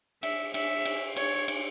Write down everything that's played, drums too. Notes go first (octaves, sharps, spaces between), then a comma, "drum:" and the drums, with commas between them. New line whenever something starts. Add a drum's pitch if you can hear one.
E5, drum: cymbal
E5, drum: cymbal
drum: cymbal
C#5, drum: cymbal
drum: cymbal